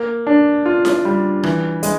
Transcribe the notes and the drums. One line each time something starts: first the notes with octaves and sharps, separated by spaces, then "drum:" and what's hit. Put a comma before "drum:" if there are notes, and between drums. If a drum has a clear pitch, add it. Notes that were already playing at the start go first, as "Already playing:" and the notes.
Already playing: A#3
D4
F4
drum: snare E4
G3
E3, drum: rim click
G#3, drum: hi-hat